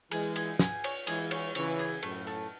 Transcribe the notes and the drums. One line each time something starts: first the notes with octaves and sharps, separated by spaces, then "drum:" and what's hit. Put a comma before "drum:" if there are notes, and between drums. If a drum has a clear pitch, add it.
E3 G#3 G#4, drum: cymbal
G#4, drum: cymbal
G#4, drum: snare
C#5, drum: cymbal
E3 G#3 G#4, drum: cymbal
C#5, drum: cymbal
C#3 E3 C#5, drum: cymbal
G#4
F#2 A2 A3, drum: cymbal
A3